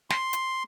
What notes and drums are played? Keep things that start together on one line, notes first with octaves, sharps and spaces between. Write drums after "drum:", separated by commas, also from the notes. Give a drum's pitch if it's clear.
C6, drum: snare
drum: hi-hat